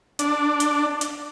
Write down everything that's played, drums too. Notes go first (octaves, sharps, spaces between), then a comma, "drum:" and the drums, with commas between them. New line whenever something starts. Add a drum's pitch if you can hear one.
D4, drum: hi-hat
drum: hi-hat
drum: hi-hat